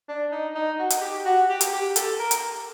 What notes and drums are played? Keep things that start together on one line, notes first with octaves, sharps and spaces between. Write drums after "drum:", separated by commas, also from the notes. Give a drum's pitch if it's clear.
D4
D#4
D#4
F#4
drum: hi-hat
G4
F#4
G4
drum: hi-hat
G4
A4, drum: hi-hat
A#4
drum: hi-hat